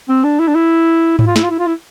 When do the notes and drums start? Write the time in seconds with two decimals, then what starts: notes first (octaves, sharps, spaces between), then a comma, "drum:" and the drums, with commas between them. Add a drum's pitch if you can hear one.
0.09 C4
0.24 D4
0.39 E4
0.48 D4
0.55 E4
1.19 E4, drum: tom G#2
1.27 F4
1.36 E4, drum: snare
1.44 F4
1.50 E4
1.59 F4
1.67 E4